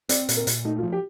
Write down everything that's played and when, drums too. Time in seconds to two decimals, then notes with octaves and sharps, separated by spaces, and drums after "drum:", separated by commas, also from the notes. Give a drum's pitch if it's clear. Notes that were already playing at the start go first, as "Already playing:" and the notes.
0.09 C4 D5, drum: hi-hat
0.29 A#2, drum: hi-hat
0.37 A#4
0.47 A#2, drum: hi-hat
0.65 A3 D#4
0.78 F4
0.83 F3
0.92 G4